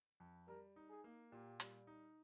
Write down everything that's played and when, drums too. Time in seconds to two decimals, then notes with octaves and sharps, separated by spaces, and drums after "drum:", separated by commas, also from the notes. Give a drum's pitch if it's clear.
0.20 F2
0.48 G3 A#4
0.76 D#4
0.90 G#4
1.04 A#3
1.31 A#2 G4
1.60 G3, drum: hi-hat
1.87 D#4